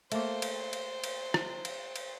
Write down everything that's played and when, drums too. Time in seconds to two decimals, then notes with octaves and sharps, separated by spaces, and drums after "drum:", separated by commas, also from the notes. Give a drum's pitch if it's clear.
0.12 A3 A#3 C5, drum: cymbal
0.42 drum: cymbal
0.73 drum: cymbal
1.04 drum: cymbal
1.34 drum: rim click
1.65 drum: cymbal
1.96 drum: cymbal